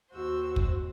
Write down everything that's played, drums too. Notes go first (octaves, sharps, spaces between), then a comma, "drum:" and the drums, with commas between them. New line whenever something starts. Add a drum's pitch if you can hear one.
D#2 F#4 C5 E6
drum: kick